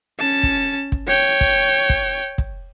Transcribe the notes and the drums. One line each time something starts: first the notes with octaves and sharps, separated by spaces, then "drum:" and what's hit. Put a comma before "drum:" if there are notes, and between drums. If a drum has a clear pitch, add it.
C#4 A5
drum: kick
drum: kick
C#5 G5
drum: kick
drum: kick
drum: kick